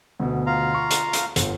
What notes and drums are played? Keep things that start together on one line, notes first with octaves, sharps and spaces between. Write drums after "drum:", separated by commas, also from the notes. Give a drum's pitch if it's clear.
D2 B2
F4 F5 A#5
C#6
drum: hi-hat
drum: hi-hat
G1, drum: hi-hat